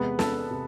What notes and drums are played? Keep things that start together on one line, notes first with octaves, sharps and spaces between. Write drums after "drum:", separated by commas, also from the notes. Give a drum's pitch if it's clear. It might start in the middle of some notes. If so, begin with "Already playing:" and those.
Already playing: E2 C3 G#3 B3 B4
A4 A5, drum: snare
C3